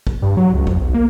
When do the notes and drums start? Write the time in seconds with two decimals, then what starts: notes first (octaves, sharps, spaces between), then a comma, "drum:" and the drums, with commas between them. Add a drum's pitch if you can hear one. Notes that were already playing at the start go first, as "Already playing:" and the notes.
0.07 drum: kick
0.22 G2
0.37 F#3
0.54 C#2
0.67 F2, drum: kick
0.82 B1
0.94 A#3